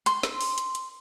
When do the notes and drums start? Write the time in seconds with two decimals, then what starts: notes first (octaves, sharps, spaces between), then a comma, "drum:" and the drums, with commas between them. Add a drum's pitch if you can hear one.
0.06 C6, drum: hi-hat
0.23 drum: snare
0.41 drum: open hi-hat
0.58 drum: hi-hat
0.75 drum: hi-hat